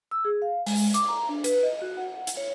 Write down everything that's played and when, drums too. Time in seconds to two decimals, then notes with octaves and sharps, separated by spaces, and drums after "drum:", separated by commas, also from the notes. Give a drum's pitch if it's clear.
0.11 E6
0.25 G#4
0.42 F5
0.67 G#3, drum: open hi-hat
0.94 D6, drum: hi-hat
1.08 A#5
1.29 D4
1.44 B4, drum: hi-hat
1.63 D#5
1.82 F#4
1.97 F#5
2.27 drum: hi-hat
2.37 C#5